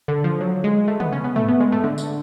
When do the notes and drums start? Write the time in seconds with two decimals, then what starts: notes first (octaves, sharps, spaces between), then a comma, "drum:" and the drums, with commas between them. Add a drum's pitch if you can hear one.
0.08 D3
0.24 F3
0.40 F#3
0.64 G#3
0.88 A3
1.00 B3, drum: tom
1.12 C#4
1.24 B3
1.36 A3, drum: tom
1.48 B3
1.60 G#3
1.72 A3
1.84 D3
1.98 drum: tambourine